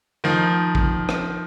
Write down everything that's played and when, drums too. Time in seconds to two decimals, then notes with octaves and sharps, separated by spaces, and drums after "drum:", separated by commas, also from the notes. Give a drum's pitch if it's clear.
0.24 D#3 F3
0.75 drum: kick
1.09 drum: rim click